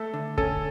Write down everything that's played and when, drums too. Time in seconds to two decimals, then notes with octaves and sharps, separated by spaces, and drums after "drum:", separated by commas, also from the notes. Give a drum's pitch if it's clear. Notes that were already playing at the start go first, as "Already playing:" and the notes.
Already playing: A3 A4
0.14 D3
0.38 C#4 A4, drum: kick